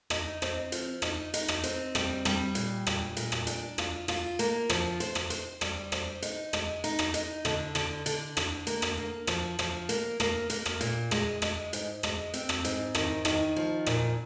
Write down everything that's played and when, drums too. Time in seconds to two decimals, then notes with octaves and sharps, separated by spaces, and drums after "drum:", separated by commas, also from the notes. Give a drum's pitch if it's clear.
0.10 D#4, drum: rim click
0.42 C4, drum: rim click
0.72 F3, drum: hi-hat
1.02 D#4, drum: rim click
1.34 D#4, drum: hi-hat
1.48 drum: rim click
1.64 C4, drum: hi-hat
1.95 G3, drum: rim click
2.25 G3, drum: rim click
2.55 A#2, drum: hi-hat
2.87 A#2, drum: rim click
3.17 A#2, drum: hi-hat
3.32 drum: rim click
3.47 D4, drum: hi-hat
3.78 F4, drum: rim click
4.08 F4, drum: rim click
4.39 A#3, drum: hi-hat
4.70 F3, drum: rim click
5.00 C5, drum: hi-hat
5.15 drum: rim click
5.30 C5, drum: hi-hat
5.61 G3, drum: rim click
5.92 C5, drum: rim click
6.22 D#4, drum: hi-hat
6.53 G#3, drum: rim click
6.84 D#4, drum: hi-hat
6.99 drum: rim click
7.14 D#4, drum: hi-hat
7.45 D3, drum: rim click
7.75 D3, drum: rim click
8.06 D3, drum: hi-hat
8.37 D3, drum: rim click
8.67 A#3, drum: hi-hat
8.82 drum: rim click
8.97 A#3
9.27 F3, drum: rim click
9.59 F3, drum: rim click
9.89 A#3, drum: hi-hat
10.20 A#3, drum: rim click
10.50 A#3, drum: hi-hat
10.66 drum: rim click
10.81 A#2, drum: hi-hat
11.11 G#3, drum: rim click
11.42 G#3, drum: rim click
11.73 G#2, drum: hi-hat
12.03 G#3, drum: rim click
12.34 C4, drum: hi-hat
12.49 drum: rim click
12.65 G#2, drum: hi-hat
12.95 D#3, drum: rim click
13.25 D#3, drum: rim click
13.56 F3
13.86 A#2, drum: rim click